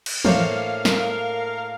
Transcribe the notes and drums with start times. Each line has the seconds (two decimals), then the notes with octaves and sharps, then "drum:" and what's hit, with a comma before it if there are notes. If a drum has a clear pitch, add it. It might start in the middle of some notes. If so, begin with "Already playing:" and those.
0.06 drum: cymbal
0.25 A2 A#3 D4 C5 C#5 F5, drum: tom E3
0.85 A#4, drum: snare